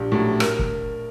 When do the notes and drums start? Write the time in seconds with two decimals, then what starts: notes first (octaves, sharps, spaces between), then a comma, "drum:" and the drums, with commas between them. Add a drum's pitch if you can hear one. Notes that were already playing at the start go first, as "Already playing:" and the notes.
Already playing: A#1 G4
0.12 A2 F#3
0.40 A#4, drum: rim click
0.59 drum: kick